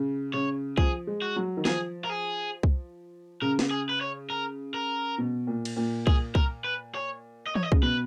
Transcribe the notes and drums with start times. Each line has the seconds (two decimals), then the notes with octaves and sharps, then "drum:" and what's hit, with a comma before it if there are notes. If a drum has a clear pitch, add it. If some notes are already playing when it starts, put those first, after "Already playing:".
Already playing: C#3
0.34 C#3 C#5
0.78 F3 G#4, drum: kick C2
1.07 G#3
1.22 F#4
1.36 F#3
1.57 D#3
1.65 F3 G#4, drum: snare
2.04 A#4
2.10 G#4
2.63 drum: kick C2
3.42 C#3 A#4
3.59 drum: snare
3.71 G#4
3.89 B4
4.01 C#5
4.30 A#4
4.74 A#4
5.18 B2
5.47 A#2
5.65 drum: cymbal
5.77 A#2
6.07 G#4, drum: kick C2
6.35 A#4, drum: kick C2
6.64 B4
6.95 C#5
7.47 D#5
7.55 C#5, drum: tom E3
7.63 D#5
7.72 C#3, drum: kick C2
7.82 B2 B4